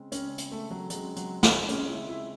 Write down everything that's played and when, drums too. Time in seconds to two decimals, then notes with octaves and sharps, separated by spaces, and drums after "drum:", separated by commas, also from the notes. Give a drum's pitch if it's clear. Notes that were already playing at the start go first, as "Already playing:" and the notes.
Already playing: C#3 G#3 C4
0.12 C#3 G#3 C4 C#4, drum: hi-hat
0.38 drum: hi-hat
0.52 A3
0.71 F#3
0.90 C#3 F#3 G#3 C4, drum: hi-hat
1.16 F#3, drum: hi-hat
1.43 G#3, drum: snare
1.69 C#3 G#3 C4 C#4, drum: hi-hat
1.89 E4
2.09 E4